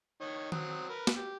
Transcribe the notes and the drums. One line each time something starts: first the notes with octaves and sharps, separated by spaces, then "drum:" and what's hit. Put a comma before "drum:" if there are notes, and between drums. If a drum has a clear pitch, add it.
D#3 C#5 D#5
F#3 C4 D#6, drum: tom D#3
A#4 B4
drum: snare
G4